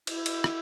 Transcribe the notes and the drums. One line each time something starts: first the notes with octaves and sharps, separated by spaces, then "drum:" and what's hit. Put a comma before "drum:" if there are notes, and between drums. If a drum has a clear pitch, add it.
E4, drum: cymbal
drum: cymbal
drum: rim click